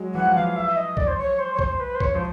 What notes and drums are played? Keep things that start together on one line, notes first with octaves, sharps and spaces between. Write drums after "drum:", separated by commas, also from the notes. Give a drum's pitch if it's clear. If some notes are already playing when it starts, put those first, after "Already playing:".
Already playing: F#3 G#3
E3 F#5
F3
E3 F5
E5
D#5
D5, drum: kick
C5
C#5
C5
C#5
C5, drum: kick
B4
C5
C#5, drum: kick
F3 C5